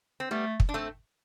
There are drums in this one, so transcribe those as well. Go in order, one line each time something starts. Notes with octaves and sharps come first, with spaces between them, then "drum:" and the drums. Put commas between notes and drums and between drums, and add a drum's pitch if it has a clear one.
C4
G3 A3 B3
drum: kick
D4
A3 C4